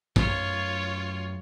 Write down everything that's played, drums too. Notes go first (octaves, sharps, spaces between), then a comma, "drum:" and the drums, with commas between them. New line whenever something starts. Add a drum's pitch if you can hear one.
F#2 A3 F4 C#5, drum: kick